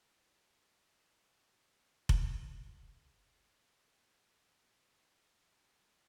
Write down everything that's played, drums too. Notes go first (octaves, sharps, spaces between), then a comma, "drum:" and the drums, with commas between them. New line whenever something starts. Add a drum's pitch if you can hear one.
A#3 F#5 A5
drum: kick F1
E4 G4
B2 F3 F#3 F4 A#4 F#5